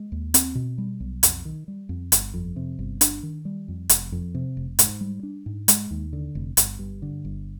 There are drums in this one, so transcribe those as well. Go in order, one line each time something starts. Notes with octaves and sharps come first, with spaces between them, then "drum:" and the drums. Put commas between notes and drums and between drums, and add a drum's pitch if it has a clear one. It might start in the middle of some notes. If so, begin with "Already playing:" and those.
Already playing: G#3
D#2
C4, drum: hi-hat
B2
G3
B1
F2, drum: hi-hat
D#3
G3
F2
G1, drum: hi-hat
F2
C3
G1
D4, drum: hi-hat
D#3
G3
F2
F1, drum: hi-hat
F2
C3
F1
G#2, drum: hi-hat
G3
D4
G#2
G#3, drum: hi-hat
D#2
D3
F1
G1, drum: hi-hat
G2
D3
G1